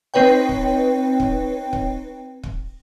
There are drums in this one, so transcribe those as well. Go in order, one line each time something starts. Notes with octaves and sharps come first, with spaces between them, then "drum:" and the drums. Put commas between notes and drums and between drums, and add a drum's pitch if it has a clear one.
C4 D#4 B4 C#5 G5
drum: kick
drum: kick
drum: kick
drum: kick